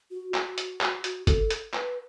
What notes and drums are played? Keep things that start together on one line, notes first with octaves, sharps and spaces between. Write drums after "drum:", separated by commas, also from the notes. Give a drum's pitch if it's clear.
F#4
F#4, drum: clap
drum: hi-hat
drum: clap
drum: hi-hat
A4, drum: kick G1, hi-hat
drum: hi-hat
B4, drum: clap